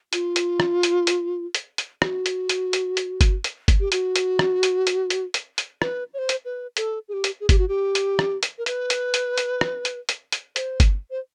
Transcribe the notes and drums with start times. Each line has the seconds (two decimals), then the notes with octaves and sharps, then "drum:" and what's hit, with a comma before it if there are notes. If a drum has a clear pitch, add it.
0.13 F4, drum: hi-hat
0.36 drum: hi-hat
0.60 drum: rim click
0.83 drum: hi-hat
1.07 drum: hi-hat
1.55 drum: hi-hat
1.78 drum: hi-hat
2.02 G4, drum: rim click
2.06 F#4
2.26 drum: hi-hat
2.49 drum: hi-hat
2.73 drum: hi-hat
2.97 drum: hi-hat
3.21 drum: kick G1, hi-hat
3.44 drum: hi-hat
3.68 drum: kick G1, hi-hat
3.80 G4
3.92 F#4, drum: hi-hat
4.16 drum: hi-hat
4.39 drum: rim click
4.63 drum: hi-hat
4.87 drum: hi-hat
5.10 drum: hi-hat
5.34 drum: hi-hat
5.58 drum: hi-hat
5.82 B4, drum: rim click
6.14 C#5
6.18 C5
6.29 drum: hi-hat
6.45 B4
6.77 A4, drum: hi-hat
7.08 G#4
7.13 G4
7.24 drum: hi-hat
7.40 G#4
7.49 G4, drum: kick G1, hi-hat
7.58 F#4
7.68 G4
7.95 drum: hi-hat
8.19 drum: rim click
8.43 drum: hi-hat
8.58 A#4
8.66 B4, drum: hi-hat
8.90 drum: hi-hat
9.14 drum: hi-hat
9.38 drum: hi-hat
9.61 drum: rim click
9.85 drum: hi-hat
10.09 drum: hi-hat
10.32 drum: hi-hat
10.56 C5, drum: hi-hat
10.80 drum: kick G1, hi-hat
11.10 C5